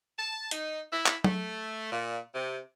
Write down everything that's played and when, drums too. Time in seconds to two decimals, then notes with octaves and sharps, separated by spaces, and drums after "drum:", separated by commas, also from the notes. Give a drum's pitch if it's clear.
0.18 A5
0.51 D#4, drum: hi-hat
0.92 E4
1.06 drum: clap
1.24 A3, drum: tom F#3
1.92 A#2
2.34 C3